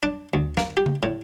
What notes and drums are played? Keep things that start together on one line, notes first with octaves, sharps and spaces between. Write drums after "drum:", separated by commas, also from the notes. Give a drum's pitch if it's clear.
D4
D2
A#3, drum: snare
G4
drum: tom C#3
A2